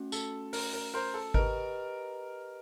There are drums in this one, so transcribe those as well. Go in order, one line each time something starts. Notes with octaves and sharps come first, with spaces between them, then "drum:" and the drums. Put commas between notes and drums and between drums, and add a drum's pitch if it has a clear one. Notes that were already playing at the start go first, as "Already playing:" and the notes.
Already playing: A3 C#4 F#4
A4, drum: tambourine
A#4, drum: open hi-hat
A#4
A#4 C5
A4
G4 A#4 B4 D#5, drum: kick G#1